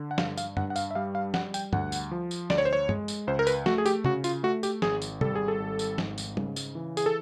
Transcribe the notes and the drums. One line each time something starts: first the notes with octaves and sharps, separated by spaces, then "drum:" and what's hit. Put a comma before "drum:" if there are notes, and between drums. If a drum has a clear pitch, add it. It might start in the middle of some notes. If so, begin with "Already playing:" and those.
Already playing: D3
F#5
G2 F5, drum: snare
F5, drum: tambourine
G2 F#5, drum: tom F#2
F#5
F5, drum: tambourine
E5
G3 F5
F5
G3 F#5, drum: snare
G5, drum: tambourine
D2 F#5, drum: tom G2
drum: tambourine
F3
drum: tambourine
D2 D5, drum: snare
C#5
C5
C#5
G#3, drum: tom G2
drum: tambourine
C#2 C5
A#4
B4, drum: tambourine
A3 F#4, drum: snare
G#4
G4, drum: tambourine
C#3 F#4, drum: tom
F4, drum: tambourine
A3 F#4
G4, drum: tambourine
G#1 G#4, drum: snare
drum: tambourine
G3 A4, drum: tom
G#4
A4
G#1
drum: tambourine
G#2, drum: snare
drum: tambourine
C#3, drum: tom
drum: tambourine
E3
G#4, drum: tambourine
A4